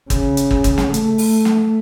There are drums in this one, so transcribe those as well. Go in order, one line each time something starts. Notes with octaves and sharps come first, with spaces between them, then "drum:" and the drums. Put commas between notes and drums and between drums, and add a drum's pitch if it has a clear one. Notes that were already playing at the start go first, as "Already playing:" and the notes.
C#3, drum: kick, hi-hat
drum: hi-hat
drum: kick
drum: kick, hi-hat
drum: snare
A3, drum: hi-hat
drum: open hi-hat
drum: snare